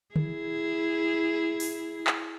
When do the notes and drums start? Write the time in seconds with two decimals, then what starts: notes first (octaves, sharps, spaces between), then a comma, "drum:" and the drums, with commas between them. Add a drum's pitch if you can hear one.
0.16 E4 G#4, drum: tom D3
1.60 drum: open hi-hat
2.07 drum: clap